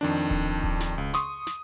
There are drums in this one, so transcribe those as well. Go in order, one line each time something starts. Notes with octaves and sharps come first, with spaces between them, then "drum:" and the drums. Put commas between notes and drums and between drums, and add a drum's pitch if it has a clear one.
F2 D#3 D4
drum: kick D1
drum: kick D1
drum: snare
C#2
C6 C#6 D#6, drum: snare
drum: snare